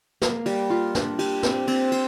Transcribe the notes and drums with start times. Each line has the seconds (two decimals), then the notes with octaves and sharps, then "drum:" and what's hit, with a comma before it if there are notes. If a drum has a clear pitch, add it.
0.22 A#3, drum: snare
0.46 G3, drum: cymbal
0.70 F4
0.95 D4, drum: snare
1.19 G4, drum: cymbal
1.43 C4, drum: snare
1.67 C4, drum: cymbal
1.92 C5, drum: cymbal